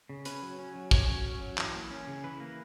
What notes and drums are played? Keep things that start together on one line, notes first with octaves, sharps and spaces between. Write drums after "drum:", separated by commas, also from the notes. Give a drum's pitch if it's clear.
C#3
C#4 B4, drum: hi-hat
F#3
C#4
F#3
C#4 C#5, drum: kick
F#3
C#4
F#3
E3, drum: clap
A#3
C#4
C#3
E3 B4
A#3